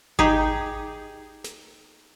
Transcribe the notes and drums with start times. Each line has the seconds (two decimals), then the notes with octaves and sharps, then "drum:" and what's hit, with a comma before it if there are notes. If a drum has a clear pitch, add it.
0.19 D#4 G4 G#4, drum: kick G#1
1.44 drum: snare